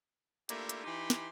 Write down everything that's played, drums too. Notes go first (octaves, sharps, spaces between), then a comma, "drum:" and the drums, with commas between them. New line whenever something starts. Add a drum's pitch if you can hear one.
A3 A#3 D4 E4 F4 G4, drum: hi-hat
drum: hi-hat
E3 D#4 G4 G5 B5 C6
drum: snare